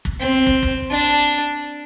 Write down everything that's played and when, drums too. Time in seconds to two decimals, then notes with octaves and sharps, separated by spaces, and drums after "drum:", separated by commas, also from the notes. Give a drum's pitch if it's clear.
0.05 drum: kick
0.20 C4
0.47 drum: kick
0.63 drum: kick
0.90 D4